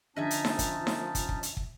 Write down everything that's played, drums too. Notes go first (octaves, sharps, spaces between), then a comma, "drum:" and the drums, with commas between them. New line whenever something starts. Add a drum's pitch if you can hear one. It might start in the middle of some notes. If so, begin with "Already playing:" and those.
D3 F3 C#4 D#4 D#5 E5 G#5 A5
drum: hi-hat
drum: snare D#4
drum: kick, hi-hat
drum: snare D#4
drum: kick, hi-hat
drum: kick
drum: hi-hat
drum: kick